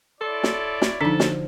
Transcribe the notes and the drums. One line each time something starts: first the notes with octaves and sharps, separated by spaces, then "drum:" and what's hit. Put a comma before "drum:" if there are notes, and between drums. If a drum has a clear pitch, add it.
E4 A4 C#5 D5 C6
drum: snare
drum: snare
D3 F3 D4 D#4 A4
drum: snare